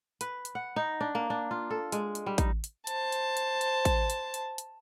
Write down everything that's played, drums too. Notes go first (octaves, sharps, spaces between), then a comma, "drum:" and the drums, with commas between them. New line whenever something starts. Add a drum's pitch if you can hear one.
B4, drum: hi-hat
drum: hi-hat
F#5
D#4
D4
A#3
D4
F4
A4
G#3, drum: hi-hat
drum: hi-hat
G3
D#4, drum: kick A1, hi-hat
drum: hi-hat
C5 A5, drum: hi-hat
drum: hi-hat
drum: hi-hat
drum: hi-hat
drum: kick A1, hi-hat
drum: hi-hat
drum: hi-hat
drum: hi-hat